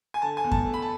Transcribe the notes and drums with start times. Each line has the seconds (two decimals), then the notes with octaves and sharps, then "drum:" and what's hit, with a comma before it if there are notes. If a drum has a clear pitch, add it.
0.14 G#5
0.22 D3 A5
0.37 G#5
0.44 E2
0.52 A5, drum: kick F#2
0.66 A3
0.74 B5
0.82 A5